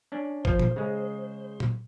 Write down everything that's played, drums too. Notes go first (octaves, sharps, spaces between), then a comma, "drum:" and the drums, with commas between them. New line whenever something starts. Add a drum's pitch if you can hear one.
C#4 D4
F3 C5, drum: kick
drum: tom A#2
C#3 G#3
drum: tom A#2